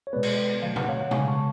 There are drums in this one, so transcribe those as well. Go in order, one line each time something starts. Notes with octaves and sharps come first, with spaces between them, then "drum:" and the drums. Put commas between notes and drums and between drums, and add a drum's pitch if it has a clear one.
C#5
B2 G#3 B3 B4 D5
drum: cymbal
D3 F#3 A3 F5
F#5, drum: tom A#2
C#5 F5
F#5
C#3 G#3 B3 F5 G#5, drum: tom B2
A5 C#6